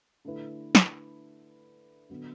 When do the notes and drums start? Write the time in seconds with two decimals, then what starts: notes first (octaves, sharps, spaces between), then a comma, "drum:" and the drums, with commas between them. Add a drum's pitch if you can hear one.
0.25 D3 A3 E4 B4
0.75 drum: snare
2.10 D3 F#3 B3